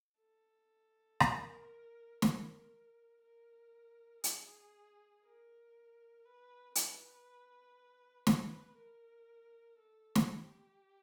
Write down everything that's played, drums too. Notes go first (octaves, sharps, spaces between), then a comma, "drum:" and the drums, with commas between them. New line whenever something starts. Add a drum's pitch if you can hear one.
A4
A#4, drum: rim click
A#4, drum: snare
A#4
G#4, drum: hi-hat
A#4
B4
B4, drum: hi-hat
B4, drum: snare
A#4
A4
drum: snare
G4